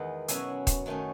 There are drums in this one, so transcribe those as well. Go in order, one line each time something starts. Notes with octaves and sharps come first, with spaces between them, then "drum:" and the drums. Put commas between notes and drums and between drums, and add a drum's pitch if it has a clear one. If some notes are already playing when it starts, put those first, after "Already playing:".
Already playing: E2 D#3 G#3 B3 F#5
B2 F#3 C#4 E5 G#5, drum: hi-hat
drum: kick D#1, hi-hat
F#2 D#3 A3 C#4